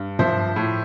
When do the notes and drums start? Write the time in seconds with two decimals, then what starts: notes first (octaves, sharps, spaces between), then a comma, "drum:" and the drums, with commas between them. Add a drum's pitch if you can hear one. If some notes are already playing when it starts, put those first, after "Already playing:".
Already playing: G2
0.19 F3 C5 E5, drum: tom
0.56 A2